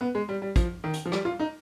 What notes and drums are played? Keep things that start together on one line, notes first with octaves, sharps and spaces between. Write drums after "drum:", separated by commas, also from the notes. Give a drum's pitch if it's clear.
B3
G#3
G3
G3
F3, drum: kick, hi-hat
D#3
drum: hi-hat
F3
G3, drum: rim click
F4
D#4